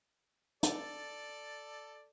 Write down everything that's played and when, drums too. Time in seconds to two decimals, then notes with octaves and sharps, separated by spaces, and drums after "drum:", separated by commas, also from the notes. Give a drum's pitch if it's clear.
0.63 A4 D5, drum: hi-hat